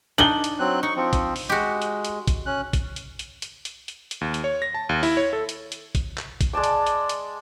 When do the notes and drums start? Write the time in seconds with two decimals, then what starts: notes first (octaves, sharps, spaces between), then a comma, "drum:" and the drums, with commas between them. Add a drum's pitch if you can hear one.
0.18 D4 D#4 F#7 G7
0.44 drum: hi-hat
0.59 F#3 C4 F#6
0.83 D#4 C#6
0.96 F3 C4
1.13 drum: kick, hi-hat
1.36 drum: open hi-hat
1.49 G#3 F#4 G4
1.82 drum: hi-hat
2.05 drum: hi-hat
2.27 drum: kick, hi-hat
2.46 C#4 F#6
2.73 drum: kick, hi-hat
2.96 drum: hi-hat
3.19 drum: hi-hat
3.42 drum: hi-hat
3.65 drum: hi-hat
3.88 drum: hi-hat
4.11 drum: hi-hat
4.21 D#2
4.34 drum: hi-hat
4.44 C#5
4.62 A#6
4.74 A5
4.89 D#2
5.03 E4, drum: open hi-hat
5.17 C#5
5.33 A4
5.49 drum: hi-hat
5.72 drum: hi-hat
5.95 drum: kick, hi-hat
6.18 drum: clap
6.41 drum: kick, hi-hat
6.53 G#3 D5 A5 D6
6.64 drum: hi-hat
6.87 drum: hi-hat
7.09 drum: hi-hat